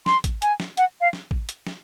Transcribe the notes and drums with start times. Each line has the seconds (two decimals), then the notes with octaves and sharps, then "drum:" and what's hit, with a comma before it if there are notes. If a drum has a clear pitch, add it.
0.06 C6, drum: snare
0.24 drum: kick, hi-hat
0.42 G#5, drum: hi-hat
0.60 drum: snare
0.77 F#5, drum: hi-hat
1.01 F5
1.13 drum: snare
1.31 drum: kick
1.49 drum: hi-hat
1.67 drum: snare